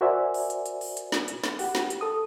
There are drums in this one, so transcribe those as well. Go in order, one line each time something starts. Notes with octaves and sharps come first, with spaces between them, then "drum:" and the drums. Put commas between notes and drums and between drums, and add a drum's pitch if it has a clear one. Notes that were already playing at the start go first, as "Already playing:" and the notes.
F#4 A#4 C5 D5 E5 G#5
drum: open hi-hat
drum: hi-hat
drum: hi-hat
drum: open hi-hat
drum: hi-hat
drum: snare
drum: hi-hat
drum: snare
G4 F#5, drum: open hi-hat
drum: snare
drum: hi-hat
A4 D#6